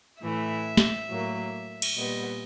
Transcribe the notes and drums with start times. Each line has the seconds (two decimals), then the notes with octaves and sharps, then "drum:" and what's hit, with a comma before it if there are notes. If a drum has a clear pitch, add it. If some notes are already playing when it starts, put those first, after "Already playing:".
0.21 A2 E3 A3 E5
0.77 drum: snare
1.08 A2 F#3 A#3
1.82 drum: cymbal
1.94 A#2 G3 B3 D#5